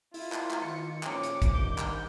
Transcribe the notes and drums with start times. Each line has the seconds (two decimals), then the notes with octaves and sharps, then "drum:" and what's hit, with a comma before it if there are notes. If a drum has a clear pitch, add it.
0.14 E4 F4, drum: open hi-hat
0.32 drum: clap
0.51 drum: clap
0.62 D#3 C#7
1.03 A#2 F3 C#4 D6, drum: clap
1.23 drum: hi-hat
1.42 drum: kick, hi-hat
1.54 G2 D#3 G6
1.78 drum: clap